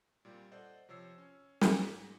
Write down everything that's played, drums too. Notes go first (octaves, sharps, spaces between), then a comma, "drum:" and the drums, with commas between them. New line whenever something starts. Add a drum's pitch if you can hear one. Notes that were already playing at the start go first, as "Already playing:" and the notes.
A#2 G3 C4
A4 C5 D5 D#5 F#5
C3 F3 C#5 E6 C7
C#4
G#5 C6, drum: snare
G#2 F#3 G#4 B6 C#7